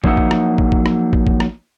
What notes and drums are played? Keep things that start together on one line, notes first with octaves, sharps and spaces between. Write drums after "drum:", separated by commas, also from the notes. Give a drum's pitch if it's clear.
F3 F#3 A#3 D#4 E5 F#5, drum: kick
drum: kick
drum: rim click
drum: kick
drum: kick
drum: rim click
drum: kick
drum: kick
drum: rim click